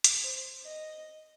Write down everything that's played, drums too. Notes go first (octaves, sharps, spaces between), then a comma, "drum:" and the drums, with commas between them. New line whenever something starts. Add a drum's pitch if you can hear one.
drum: hi-hat
C5
D#5